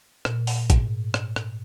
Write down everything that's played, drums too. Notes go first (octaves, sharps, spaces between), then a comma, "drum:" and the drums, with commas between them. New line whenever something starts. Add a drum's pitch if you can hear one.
A#2, drum: rim click
drum: open hi-hat
G#2, drum: kick A1, hi-hat
drum: rim click
drum: rim click